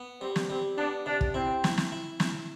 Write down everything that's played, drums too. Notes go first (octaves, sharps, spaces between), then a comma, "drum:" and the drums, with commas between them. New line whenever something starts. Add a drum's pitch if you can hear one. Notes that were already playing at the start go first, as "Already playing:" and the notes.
Already playing: B3
G3 C4
drum: snare
G3 C4
B3 D4
C3 D4
drum: kick
C4 E4
E4, drum: snare
drum: snare
E4
E4, drum: snare